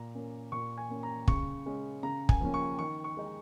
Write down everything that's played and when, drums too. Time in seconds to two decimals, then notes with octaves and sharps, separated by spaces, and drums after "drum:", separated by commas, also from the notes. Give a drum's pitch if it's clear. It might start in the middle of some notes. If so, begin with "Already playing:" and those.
Already playing: A#2 A#5
0.15 A#3 C#4
0.52 A#2 C#6
0.78 G#5
0.90 A#3 C#4
1.03 A#5
1.28 C#3 C#6, drum: kick
1.66 G#3 C#4
2.03 C#3 A#5
2.29 G#5, drum: kick
2.41 F3 A#3 C#4
2.54 C#6
2.79 D#3 C#6
3.04 C#6
3.17 G#3 D#4